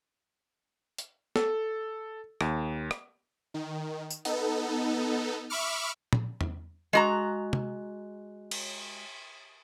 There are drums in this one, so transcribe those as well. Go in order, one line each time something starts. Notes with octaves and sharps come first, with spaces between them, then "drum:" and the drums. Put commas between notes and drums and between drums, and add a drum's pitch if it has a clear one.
drum: hi-hat
A4, drum: snare
D#2, drum: rim click
drum: rim click
D#3
drum: tambourine
B3 D#4 A4, drum: hi-hat
E5 B5 C#6 D6 F6
drum: tom A#2
drum: tom E2
G#3 F#4 A#5
drum: tom
drum: cymbal